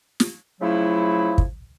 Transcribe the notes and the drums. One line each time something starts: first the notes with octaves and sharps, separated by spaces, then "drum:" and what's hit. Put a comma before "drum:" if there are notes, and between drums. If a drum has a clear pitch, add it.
drum: snare
C#3 F3 F#3 A3 E4
drum: kick